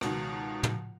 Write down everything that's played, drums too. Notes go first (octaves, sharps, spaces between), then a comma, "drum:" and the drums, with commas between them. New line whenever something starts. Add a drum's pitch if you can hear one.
C#2 B2 D#3, drum: rim click
drum: tom